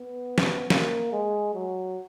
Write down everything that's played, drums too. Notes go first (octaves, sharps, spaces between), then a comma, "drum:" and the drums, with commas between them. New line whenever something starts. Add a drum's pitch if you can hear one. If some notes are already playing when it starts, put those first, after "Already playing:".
Already playing: B3
drum: snare
A#3, drum: snare
G#3
F#3